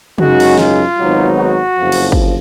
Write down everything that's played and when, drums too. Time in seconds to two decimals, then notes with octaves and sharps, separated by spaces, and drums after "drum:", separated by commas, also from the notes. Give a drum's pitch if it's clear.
0.18 F#2 C#3 G#3 D#4 F#4, drum: tom
0.40 drum: cymbal
0.58 F4, drum: snare
0.97 G#1 G#2 F#3 B3 D#4
1.37 F#4
1.76 F#1 F2 F3
1.92 drum: cymbal
2.12 drum: kick